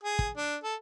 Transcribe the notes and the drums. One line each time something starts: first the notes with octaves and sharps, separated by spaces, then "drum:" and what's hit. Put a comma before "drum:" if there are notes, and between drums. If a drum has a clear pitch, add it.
G#4
drum: kick
D4
A4